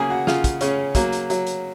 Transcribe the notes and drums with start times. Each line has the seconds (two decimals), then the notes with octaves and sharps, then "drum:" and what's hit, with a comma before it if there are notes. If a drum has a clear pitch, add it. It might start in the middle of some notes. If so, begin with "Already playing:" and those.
Already playing: C#3 F#3 A#3 G#4
0.10 F#4
0.27 C#3 F4, drum: snare
0.44 drum: kick, hi-hat
0.61 C#3 C#4, drum: hi-hat
0.95 F#3 A#3, drum: kick, hi-hat
1.12 drum: hi-hat
1.30 F#3, drum: hi-hat
1.47 drum: hi-hat